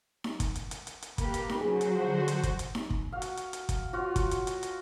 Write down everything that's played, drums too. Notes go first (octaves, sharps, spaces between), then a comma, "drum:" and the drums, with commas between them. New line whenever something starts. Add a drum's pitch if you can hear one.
drum: snare D#4
drum: kick, hi-hat
drum: hi-hat
drum: hi-hat
drum: hi-hat
drum: hi-hat
A#3 G4 B4, drum: kick, hi-hat
drum: hi-hat
drum: snare D#4
C#3 F#3 F#4 G#4 C5
drum: hi-hat
D3
drum: hi-hat
drum: kick, hi-hat
drum: hi-hat
drum: snare D#4
drum: kick
F#4 F5
drum: hi-hat
drum: hi-hat
drum: hi-hat
drum: kick, hi-hat
F4 F#4 C#5 F5
drum: kick, hi-hat
drum: hi-hat
drum: hi-hat
drum: hi-hat